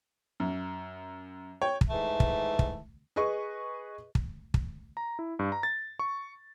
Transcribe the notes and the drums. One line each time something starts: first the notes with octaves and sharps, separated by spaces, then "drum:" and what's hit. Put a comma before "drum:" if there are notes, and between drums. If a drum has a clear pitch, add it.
F#2
C#5 G5
drum: kick
G#2 E3 A3
drum: kick
drum: kick
G#4 B4 D#5 C#6
drum: kick
drum: kick
A#5
E4
G2
A#5
A6
C#6